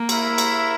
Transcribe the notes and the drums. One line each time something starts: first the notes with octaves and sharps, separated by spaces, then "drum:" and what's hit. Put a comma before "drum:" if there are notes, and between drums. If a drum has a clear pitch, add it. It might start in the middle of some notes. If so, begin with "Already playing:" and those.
Already playing: A#3
E4 A#4 E5, drum: cymbal
drum: cymbal